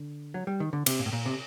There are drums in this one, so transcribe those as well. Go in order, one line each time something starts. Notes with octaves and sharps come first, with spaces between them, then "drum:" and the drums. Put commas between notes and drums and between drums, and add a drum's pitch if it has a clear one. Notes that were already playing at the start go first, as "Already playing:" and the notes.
Already playing: D3
F#3
G3
D#3
D3
C3, drum: cymbal
A#2
A2
A#2
C3